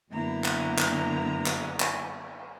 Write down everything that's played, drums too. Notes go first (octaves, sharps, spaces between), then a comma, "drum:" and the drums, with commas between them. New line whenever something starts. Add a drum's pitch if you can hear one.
F#2 D3 A#3 B3 E4 A#5
drum: clap
drum: clap
drum: clap
drum: clap